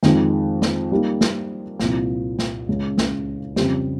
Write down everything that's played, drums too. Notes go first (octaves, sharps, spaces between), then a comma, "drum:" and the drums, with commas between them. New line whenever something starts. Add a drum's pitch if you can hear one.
F2 D#3 G#3, drum: snare
drum: snare
G3 A#3 D#4
drum: snare
C2 A#2 F3 A#3, drum: snare
drum: snare
C#2 C#3 G#3 C#4
drum: snare
F2 C#3 G3 C4 G4, drum: snare